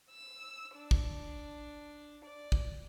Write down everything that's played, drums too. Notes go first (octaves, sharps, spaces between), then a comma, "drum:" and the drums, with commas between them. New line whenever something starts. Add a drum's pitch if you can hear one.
E6
D4
drum: kick
D5
drum: kick